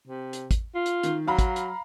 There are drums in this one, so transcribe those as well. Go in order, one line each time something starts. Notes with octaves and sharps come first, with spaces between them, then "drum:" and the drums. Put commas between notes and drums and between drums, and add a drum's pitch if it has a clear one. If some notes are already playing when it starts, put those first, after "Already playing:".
C3
drum: hi-hat
drum: kick, hi-hat
F4
drum: hi-hat
D#3, drum: hi-hat
F#3 F5 A#5 B5
drum: kick, hi-hat
drum: hi-hat